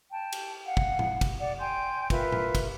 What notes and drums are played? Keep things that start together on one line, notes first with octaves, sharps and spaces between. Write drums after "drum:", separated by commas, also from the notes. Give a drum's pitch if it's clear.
G5 A5
drum: cymbal
F5 F#5
drum: kick
drum: tom A2
drum: kick, cymbal
D5 F#5
G5 G#5 C6 G6
F4 A#4 B4 E5, drum: kick, cymbal
drum: tom A2
drum: kick, cymbal